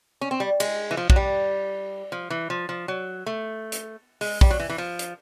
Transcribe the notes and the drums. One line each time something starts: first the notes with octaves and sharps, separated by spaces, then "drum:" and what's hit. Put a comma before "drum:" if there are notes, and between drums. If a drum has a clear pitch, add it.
C#4
C4
G3
G#3, drum: cymbal
E3
F3
F#3, drum: kick
G3
F3
E3
F3
F3
F#3
A3
drum: hi-hat
G#3, drum: open hi-hat
G3, drum: kick
F#3
E3
E3
F3
drum: hi-hat